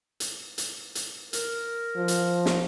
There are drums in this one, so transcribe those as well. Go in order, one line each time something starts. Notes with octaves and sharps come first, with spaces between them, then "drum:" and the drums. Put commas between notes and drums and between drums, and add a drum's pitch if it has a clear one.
drum: hi-hat
drum: hi-hat
drum: hi-hat
A#4, drum: hi-hat
F3
drum: hi-hat
drum: snare